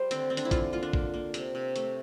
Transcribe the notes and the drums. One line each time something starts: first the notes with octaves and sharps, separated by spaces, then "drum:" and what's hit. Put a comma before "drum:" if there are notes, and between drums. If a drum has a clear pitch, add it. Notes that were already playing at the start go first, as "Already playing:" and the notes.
Already playing: G3 C5
D3 C4, drum: hi-hat
D3 C4
D4, drum: hi-hat
E4
E3 F4, drum: kick, hi-hat
A#3 F4
D4
A#3, drum: kick
A#3
C3, drum: hi-hat
C3
A3, drum: hi-hat